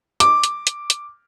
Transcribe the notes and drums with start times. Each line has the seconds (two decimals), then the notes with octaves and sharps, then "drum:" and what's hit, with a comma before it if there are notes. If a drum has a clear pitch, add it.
0.20 D6, drum: hi-hat
0.44 drum: hi-hat
0.67 drum: hi-hat
0.90 drum: hi-hat